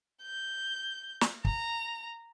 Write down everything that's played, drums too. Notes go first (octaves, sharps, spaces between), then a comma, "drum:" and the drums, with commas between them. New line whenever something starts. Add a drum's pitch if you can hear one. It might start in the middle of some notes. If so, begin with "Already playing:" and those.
G6
drum: snare
A#5, drum: kick